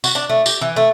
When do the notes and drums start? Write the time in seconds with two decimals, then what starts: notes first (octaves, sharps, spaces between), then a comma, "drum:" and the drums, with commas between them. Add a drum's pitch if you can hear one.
0.04 F#4, drum: tambourine
0.15 D4
0.29 A3
0.46 G4, drum: tambourine
0.61 E3
0.76 A3